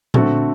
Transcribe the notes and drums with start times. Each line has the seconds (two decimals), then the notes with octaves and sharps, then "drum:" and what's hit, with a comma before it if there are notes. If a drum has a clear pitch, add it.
0.14 D3 A3 C4 F#4 A4, drum: tom A#2